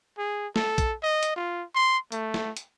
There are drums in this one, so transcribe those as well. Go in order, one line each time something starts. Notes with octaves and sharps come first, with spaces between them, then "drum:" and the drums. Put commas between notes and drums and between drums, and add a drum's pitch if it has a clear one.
G#4
A4, drum: snare
drum: kick, hi-hat
D#5
drum: hi-hat
F4
C6
A3, drum: hi-hat
drum: snare
drum: hi-hat